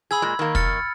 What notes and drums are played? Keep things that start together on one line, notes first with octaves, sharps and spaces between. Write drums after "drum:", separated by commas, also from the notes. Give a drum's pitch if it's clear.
G#4 B5 E6 G#6
A#2 G#3
D#3 A#3
F6 A6 C#7, drum: kick